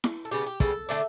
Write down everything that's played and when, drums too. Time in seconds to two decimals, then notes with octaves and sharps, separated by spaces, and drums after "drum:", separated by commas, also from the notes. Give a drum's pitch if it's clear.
0.04 drum: snare E4
0.25 A4
0.31 C#3 G3 B3 G4
0.46 G4
0.60 C#3 G3 B3 A4, drum: kick
0.89 D3 A3 D4